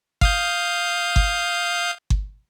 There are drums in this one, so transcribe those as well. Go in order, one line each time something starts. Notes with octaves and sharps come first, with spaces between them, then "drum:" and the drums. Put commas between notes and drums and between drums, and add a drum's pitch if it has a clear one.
F5 D#6 G6, drum: kick G1
drum: kick G1
drum: kick G1